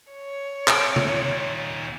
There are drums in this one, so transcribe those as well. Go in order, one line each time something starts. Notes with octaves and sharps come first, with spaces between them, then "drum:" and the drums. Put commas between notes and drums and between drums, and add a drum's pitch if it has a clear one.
C#5
C3 G5, drum: clap
drum: tom C3
D#2 A#2